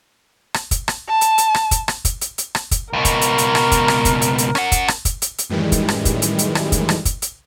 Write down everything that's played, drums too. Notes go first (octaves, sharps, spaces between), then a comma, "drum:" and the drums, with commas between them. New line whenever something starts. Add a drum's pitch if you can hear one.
drum: rim click
drum: kick, hi-hat
drum: rim click
A5
drum: hi-hat
drum: hi-hat
drum: rim click
drum: kick, hi-hat
drum: rim click
drum: kick, hi-hat
drum: hi-hat
drum: hi-hat
drum: rim click
drum: kick, hi-hat
C#2 B2 A#4
drum: kick, hi-hat
drum: hi-hat
drum: hi-hat
drum: rim click
drum: kick, hi-hat
drum: rim click
drum: kick, hi-hat
drum: hi-hat
drum: hi-hat
C#4 F#5, drum: rim click
drum: kick, hi-hat
drum: rim click
drum: kick, hi-hat
drum: hi-hat
drum: hi-hat
F#2 A2 D#3 E3 G3 G#3
drum: kick, hi-hat
drum: rim click
drum: kick, hi-hat
drum: hi-hat
drum: hi-hat
drum: rim click
drum: kick, hi-hat
drum: rim click
drum: kick, hi-hat
drum: hi-hat